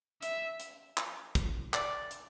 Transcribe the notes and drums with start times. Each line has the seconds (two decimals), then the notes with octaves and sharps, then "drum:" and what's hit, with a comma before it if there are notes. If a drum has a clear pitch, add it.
0.22 E5, drum: hi-hat
0.60 drum: hi-hat
0.97 drum: clap
1.35 drum: kick, hi-hat
1.74 D5, drum: clap
2.11 drum: hi-hat